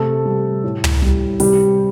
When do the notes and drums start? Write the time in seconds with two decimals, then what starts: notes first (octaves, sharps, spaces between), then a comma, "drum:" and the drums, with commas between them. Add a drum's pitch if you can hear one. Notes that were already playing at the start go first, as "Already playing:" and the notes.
Already playing: C3 A3 A4
0.26 G3
0.64 A2
0.84 drum: tom
1.02 G3
1.40 C3 G3 G4, drum: open hi-hat